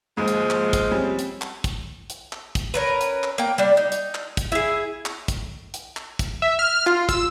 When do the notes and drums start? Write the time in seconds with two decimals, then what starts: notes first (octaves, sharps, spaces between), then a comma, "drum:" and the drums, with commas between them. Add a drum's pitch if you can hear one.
0.17 D#2 G#2 F3 G#3
0.28 drum: hi-hat
0.50 drum: clap
0.73 drum: kick, hi-hat
0.91 G3 C4 C#4
1.19 drum: hi-hat
1.41 drum: clap
1.64 drum: kick, hi-hat
2.10 drum: hi-hat
2.32 drum: clap
2.55 drum: kick, hi-hat
2.74 C#4 A#4 B4
3.01 drum: hi-hat
3.24 drum: clap
3.38 A#3 G5
3.58 G3 D4
3.77 D#4
3.92 drum: hi-hat
4.15 drum: clap
4.37 drum: kick, hi-hat
4.52 E4 G#4
5.06 drum: clap
5.28 drum: kick, hi-hat
5.74 drum: hi-hat
5.97 drum: clap
6.19 drum: kick, hi-hat
6.42 E5
6.59 F6
6.86 F4, drum: clap
7.09 E6, drum: kick, hi-hat